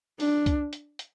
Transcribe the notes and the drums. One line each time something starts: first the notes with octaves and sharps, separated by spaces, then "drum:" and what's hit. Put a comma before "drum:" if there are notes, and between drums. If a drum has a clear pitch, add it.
D4, drum: open hi-hat
drum: kick C2, hi-hat
drum: hi-hat
drum: hi-hat